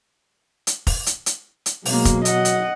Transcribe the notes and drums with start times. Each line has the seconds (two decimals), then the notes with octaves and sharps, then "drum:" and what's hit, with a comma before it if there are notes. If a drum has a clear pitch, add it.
0.67 drum: hi-hat
0.87 drum: kick F1, open hi-hat
1.06 drum: hi-hat
1.26 drum: hi-hat
1.66 drum: hi-hat
1.85 B2 F#3 G#3 A#3, drum: open hi-hat
2.05 drum: kick F1, hi-hat
2.25 D#5 F#5, drum: hi-hat
2.45 drum: hi-hat